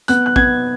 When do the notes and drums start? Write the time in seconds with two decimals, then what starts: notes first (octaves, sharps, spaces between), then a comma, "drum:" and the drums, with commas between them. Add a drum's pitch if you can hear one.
0.08 B3 F#6, drum: hi-hat
0.26 F#6
0.36 B3 G#6, drum: kick A1